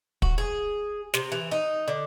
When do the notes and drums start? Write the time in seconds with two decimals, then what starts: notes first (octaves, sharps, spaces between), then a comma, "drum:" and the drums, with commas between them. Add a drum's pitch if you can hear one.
0.22 F#4, drum: kick
0.38 G#4
1.14 C3, drum: snare
1.32 E3
1.51 D#4
1.88 D3